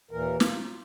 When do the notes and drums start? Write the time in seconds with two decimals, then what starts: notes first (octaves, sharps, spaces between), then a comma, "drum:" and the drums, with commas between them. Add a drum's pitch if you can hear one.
0.11 D#2 A#2 E3 A#4
0.40 F4, drum: snare